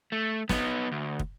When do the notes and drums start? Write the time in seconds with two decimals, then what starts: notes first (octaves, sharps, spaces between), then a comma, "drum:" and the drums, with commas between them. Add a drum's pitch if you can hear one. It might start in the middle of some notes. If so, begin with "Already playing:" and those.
0.12 A3
0.49 B3 D#4, drum: snare
0.92 D2
1.19 drum: kick